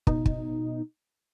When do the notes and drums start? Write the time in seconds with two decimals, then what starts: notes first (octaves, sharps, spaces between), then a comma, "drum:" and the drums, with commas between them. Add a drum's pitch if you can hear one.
0.07 B2 D#4, drum: kick
0.26 drum: kick